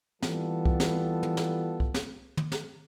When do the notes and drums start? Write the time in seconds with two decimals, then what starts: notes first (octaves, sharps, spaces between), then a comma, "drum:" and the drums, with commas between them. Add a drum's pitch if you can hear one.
0.22 E3 G3 B3 F4 A4, drum: snare
0.65 drum: kick
0.80 drum: snare
1.23 drum: tom
1.37 drum: snare
1.80 drum: kick
1.94 drum: snare
2.37 drum: tom
2.52 drum: snare